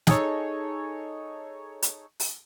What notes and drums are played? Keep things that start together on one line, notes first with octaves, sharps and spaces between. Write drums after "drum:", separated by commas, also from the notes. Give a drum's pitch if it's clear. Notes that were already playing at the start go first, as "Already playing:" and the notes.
D#4 G#4 A4 C#5, drum: snare
drum: hi-hat
drum: open hi-hat